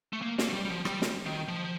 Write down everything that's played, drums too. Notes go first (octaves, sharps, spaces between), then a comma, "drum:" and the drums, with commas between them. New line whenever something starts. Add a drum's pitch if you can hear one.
A3
A#3
A#3, drum: snare
A3
G3
G3
F3
G3, drum: rim click
drum: snare
D#3
F3